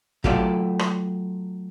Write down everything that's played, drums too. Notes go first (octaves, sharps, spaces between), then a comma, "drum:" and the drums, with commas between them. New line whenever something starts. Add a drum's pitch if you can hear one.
F#3 A3 F4 G4 A4 D5, drum: kick
drum: rim click